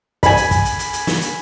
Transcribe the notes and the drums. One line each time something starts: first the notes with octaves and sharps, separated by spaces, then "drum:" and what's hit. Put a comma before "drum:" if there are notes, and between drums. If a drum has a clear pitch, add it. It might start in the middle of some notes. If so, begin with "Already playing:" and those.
G#5 B5, drum: kick, hi-hat
drum: hi-hat
drum: kick, hi-hat
drum: hi-hat
drum: hi-hat
drum: hi-hat
drum: snare
drum: hi-hat